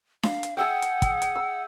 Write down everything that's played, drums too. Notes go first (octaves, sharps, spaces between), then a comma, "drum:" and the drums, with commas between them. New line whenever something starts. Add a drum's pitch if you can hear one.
F5, drum: snare D4
drum: hi-hat
G#4 E5 F#5 G5
drum: hi-hat
drum: kick, hi-hat
drum: hi-hat
E6